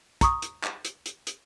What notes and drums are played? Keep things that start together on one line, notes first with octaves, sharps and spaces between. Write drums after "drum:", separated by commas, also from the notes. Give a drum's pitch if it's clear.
A#5 C#6 D#6, drum: kick, hi-hat
drum: hi-hat
drum: clap
drum: hi-hat
drum: hi-hat
drum: hi-hat